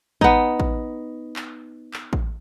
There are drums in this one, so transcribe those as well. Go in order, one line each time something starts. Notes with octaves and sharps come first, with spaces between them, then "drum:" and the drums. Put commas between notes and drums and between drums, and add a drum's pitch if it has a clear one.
B3 D#4, drum: kick A1
drum: kick A1
drum: clap
drum: clap
drum: kick A1